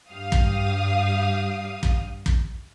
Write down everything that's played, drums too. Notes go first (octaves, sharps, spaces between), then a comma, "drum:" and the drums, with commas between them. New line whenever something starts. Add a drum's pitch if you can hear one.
G2 G4 F5 D#6
drum: kick
drum: kick
drum: kick